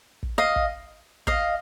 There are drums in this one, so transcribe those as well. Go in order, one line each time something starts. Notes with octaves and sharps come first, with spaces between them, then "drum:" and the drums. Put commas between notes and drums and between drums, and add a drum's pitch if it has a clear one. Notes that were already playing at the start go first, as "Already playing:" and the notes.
drum: kick
D#5 F5
drum: kick
D#5 F5, drum: kick